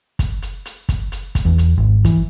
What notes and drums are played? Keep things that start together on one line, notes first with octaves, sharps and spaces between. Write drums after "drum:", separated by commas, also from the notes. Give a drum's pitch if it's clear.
drum: kick, hi-hat
drum: hi-hat
drum: hi-hat
drum: kick, hi-hat
drum: hi-hat
drum: kick, hi-hat
E2
drum: hi-hat
G#1
E3, drum: kick, hi-hat